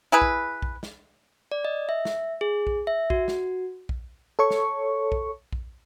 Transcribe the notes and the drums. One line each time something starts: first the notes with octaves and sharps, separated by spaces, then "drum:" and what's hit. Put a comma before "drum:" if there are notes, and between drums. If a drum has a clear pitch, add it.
E4 G#4 B4
drum: kick A#1
drum: kick A#1
drum: snare
D5
D#5
E5
drum: snare
G#4
drum: kick A#1
E5
F#4, drum: kick A#1
drum: snare
drum: kick A#1
A4 C#5 C#6
drum: snare
drum: kick A#1
drum: kick A#1